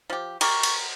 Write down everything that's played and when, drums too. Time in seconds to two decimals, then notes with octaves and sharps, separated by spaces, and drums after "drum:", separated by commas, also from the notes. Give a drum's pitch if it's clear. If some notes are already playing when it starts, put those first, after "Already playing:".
0.10 F3 G4
0.41 G4 A#4 C#6, drum: cymbal
0.63 drum: cymbal